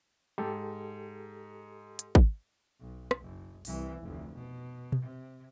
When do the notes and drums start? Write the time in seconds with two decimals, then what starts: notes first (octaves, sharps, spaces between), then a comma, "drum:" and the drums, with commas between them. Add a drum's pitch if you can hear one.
0.38 G#2 G4 A4
1.99 drum: hi-hat
2.15 drum: kick
2.80 B1
3.11 drum: rim click
3.20 F#1
3.65 C2 E3, drum: open hi-hat
4.02 F1 D2
4.35 B2
4.92 drum: tom B2
5.02 C3